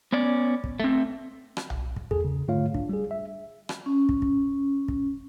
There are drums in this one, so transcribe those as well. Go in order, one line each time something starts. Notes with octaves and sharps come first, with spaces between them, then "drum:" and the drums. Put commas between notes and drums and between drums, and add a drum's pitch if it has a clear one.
B3 C#4 D5
drum: kick
A3 C4
drum: rim click
drum: tom B1
drum: kick
E2 G#4 A4, drum: kick
C#3
G#2 D3 A3 F4 C#5 F5
D4, drum: kick
G3 G#4
E5
drum: rim click
C#4
drum: kick
drum: kick
drum: kick